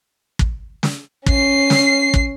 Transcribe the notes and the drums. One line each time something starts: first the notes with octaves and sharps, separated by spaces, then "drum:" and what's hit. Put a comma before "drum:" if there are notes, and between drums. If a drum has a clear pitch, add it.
drum: kick
drum: snare
C#4 C7, drum: kick
drum: snare
drum: kick